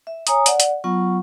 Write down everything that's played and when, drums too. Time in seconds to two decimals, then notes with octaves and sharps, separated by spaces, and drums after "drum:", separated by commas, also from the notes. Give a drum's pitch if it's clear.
0.07 E5
0.27 C#5 G#5 A#5 D#6, drum: hi-hat
0.46 D5 F#5, drum: hi-hat
0.60 drum: hi-hat
0.84 F#3 B3 F4 F#5 C#6